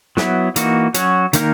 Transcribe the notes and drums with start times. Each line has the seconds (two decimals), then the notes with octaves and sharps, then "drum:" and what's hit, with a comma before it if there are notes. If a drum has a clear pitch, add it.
0.17 F#3 B3 E4, drum: snare
0.56 E3 A#3 D#4 F#4, drum: hi-hat
0.94 F#3 C#4 F#4 C#5, drum: hi-hat
1.33 D#3 A#3 D#4 A#4, drum: hi-hat